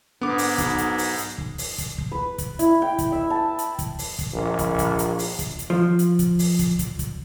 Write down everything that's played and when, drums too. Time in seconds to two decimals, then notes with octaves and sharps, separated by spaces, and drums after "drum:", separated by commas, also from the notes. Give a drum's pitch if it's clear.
0.21 G#2 D3 B3 D6
0.38 drum: open hi-hat
0.58 B1, drum: kick, hi-hat
0.78 drum: hi-hat
0.98 drum: open hi-hat
1.18 drum: hi-hat
1.38 drum: kick
1.58 drum: open hi-hat
1.78 drum: kick, hi-hat
1.98 drum: kick
2.12 B4
2.38 drum: kick, hi-hat
2.59 E4, drum: hi-hat
2.82 G5
2.98 drum: kick, hi-hat
3.12 E5
3.30 A5
3.59 drum: hi-hat
3.79 drum: kick, hi-hat
3.99 drum: open hi-hat
4.19 drum: kick, hi-hat
4.33 A#1
4.59 drum: kick, hi-hat
4.79 drum: kick, hi-hat
4.99 drum: hi-hat
5.19 drum: open hi-hat
5.39 drum: kick, hi-hat
5.59 drum: hi-hat
5.70 F3
5.99 drum: hi-hat
6.19 drum: kick, hi-hat
6.39 drum: open hi-hat
6.59 drum: kick, hi-hat
6.79 drum: kick, hi-hat
6.99 drum: kick, hi-hat